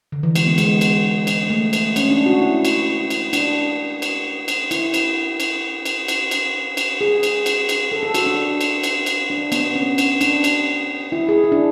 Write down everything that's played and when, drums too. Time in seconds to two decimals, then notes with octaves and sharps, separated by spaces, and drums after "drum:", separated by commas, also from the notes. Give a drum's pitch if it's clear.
0.12 D3
0.23 E3
0.35 G#3, drum: cymbal
0.46 B3
0.58 G#3, drum: cymbal
0.81 drum: cymbal
1.27 drum: cymbal
1.50 A3
1.73 drum: cymbal
1.96 C#4, drum: cymbal
2.11 D4
2.26 F#4
2.41 E4
2.65 drum: cymbal
3.10 drum: cymbal
3.33 D4, drum: cymbal
4.02 drum: cymbal
4.48 drum: cymbal
4.71 E4, drum: cymbal
4.94 drum: cymbal
5.40 drum: cymbal
5.85 drum: cymbal
6.08 drum: cymbal
6.31 drum: cymbal
6.77 drum: cymbal
7.01 G#4
7.23 drum: cymbal
7.46 drum: cymbal
7.69 drum: cymbal
7.92 A4
8.03 A4
8.14 F#4, drum: cymbal
8.26 D4
8.61 drum: cymbal
8.83 drum: cymbal
9.06 drum: cymbal
9.30 D4
9.52 B3, drum: cymbal
9.75 C#4
9.98 drum: cymbal
10.21 D4, drum: cymbal
10.44 drum: cymbal
11.12 E4
11.29 G#4
11.44 E4
11.52 D4